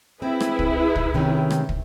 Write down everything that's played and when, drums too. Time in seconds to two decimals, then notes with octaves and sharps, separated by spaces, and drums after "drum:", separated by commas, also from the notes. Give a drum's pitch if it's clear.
0.22 C4 E4 G#4 B4
0.40 drum: rim click
0.59 drum: kick
0.95 drum: kick
1.14 C3 D#3 C#4
1.50 drum: rim click
1.69 drum: kick